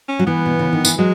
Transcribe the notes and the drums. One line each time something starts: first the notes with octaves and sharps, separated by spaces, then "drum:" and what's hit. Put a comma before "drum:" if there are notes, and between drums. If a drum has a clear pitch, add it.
C#4
F#3
E3 B3
B2
C#3
D#3
E3, drum: tambourine
F#3 G#3